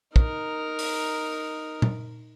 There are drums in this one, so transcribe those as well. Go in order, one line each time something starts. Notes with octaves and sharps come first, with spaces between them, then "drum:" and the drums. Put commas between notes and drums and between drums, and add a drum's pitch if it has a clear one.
D#4 A#4, drum: kick
drum: open hi-hat
drum: tom